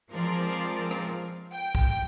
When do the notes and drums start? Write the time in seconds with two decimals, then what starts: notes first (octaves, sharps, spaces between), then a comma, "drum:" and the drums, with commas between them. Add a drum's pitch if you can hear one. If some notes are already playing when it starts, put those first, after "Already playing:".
0.11 F3 G#3 C4 F4 A#4 D5
0.91 drum: rim click
1.52 G5
1.75 drum: kick